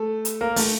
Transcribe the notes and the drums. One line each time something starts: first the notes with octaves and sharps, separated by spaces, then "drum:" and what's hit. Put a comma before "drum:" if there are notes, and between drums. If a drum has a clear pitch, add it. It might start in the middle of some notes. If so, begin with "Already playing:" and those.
Already playing: A3 A4
drum: hi-hat
A#3 A#4
A3 A4, drum: open hi-hat